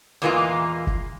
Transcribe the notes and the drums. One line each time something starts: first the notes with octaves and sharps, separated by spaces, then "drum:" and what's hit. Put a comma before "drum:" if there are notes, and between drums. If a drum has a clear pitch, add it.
E2 A#2 E3 G#3 A#3 F4
drum: kick